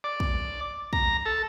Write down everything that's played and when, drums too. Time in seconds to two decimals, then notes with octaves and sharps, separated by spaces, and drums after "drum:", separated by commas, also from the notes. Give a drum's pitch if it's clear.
0.04 D5
0.20 drum: kick
0.93 A#5, drum: kick
1.25 A4